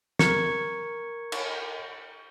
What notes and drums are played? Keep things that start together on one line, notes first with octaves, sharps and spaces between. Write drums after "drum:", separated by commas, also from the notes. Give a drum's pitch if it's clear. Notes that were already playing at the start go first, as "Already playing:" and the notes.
A#4 C#6 G#6 C#7, drum: snare
drum: cymbal